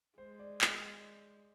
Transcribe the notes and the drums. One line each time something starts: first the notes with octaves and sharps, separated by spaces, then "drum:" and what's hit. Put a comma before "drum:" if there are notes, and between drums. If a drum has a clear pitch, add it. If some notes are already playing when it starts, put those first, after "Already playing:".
G#3 C5
D5
D#5, drum: clap